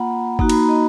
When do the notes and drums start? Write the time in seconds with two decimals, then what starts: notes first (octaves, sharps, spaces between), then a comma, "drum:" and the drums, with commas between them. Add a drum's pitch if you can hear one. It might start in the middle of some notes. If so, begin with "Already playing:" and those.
Already playing: A#3 F4 F#5 A#5 B5
0.39 A#3 D#4 F#4 A#5, drum: kick G1
0.49 B5, drum: cymbal
0.59 A#5
0.69 D#5